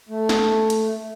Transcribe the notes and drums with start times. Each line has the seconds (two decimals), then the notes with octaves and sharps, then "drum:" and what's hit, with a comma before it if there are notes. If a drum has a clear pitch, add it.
0.09 A3
0.29 drum: snare
0.70 drum: hi-hat